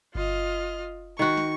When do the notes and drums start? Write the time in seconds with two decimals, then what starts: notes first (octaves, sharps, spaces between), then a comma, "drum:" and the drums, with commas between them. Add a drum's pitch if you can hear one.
0.15 F4 D#5 F6, drum: kick G1
1.19 D#3 F#4 C#6
1.37 drum: snare